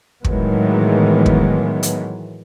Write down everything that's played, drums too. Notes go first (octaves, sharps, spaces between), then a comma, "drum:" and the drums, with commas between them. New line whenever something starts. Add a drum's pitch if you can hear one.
A2 D#3 E3 F#3 G#3 B3, drum: kick
drum: kick
drum: hi-hat